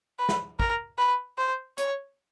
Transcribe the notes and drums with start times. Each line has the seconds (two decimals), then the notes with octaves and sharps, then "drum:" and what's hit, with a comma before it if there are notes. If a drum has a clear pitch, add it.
0.19 B4
0.29 drum: snare
0.60 A#4, drum: kick
0.98 B4
1.38 C5
1.78 C#5, drum: hi-hat